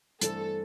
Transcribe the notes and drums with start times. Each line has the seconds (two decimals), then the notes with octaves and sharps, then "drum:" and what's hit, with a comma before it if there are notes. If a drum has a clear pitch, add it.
0.21 G2 E3 A3 C4 A4, drum: hi-hat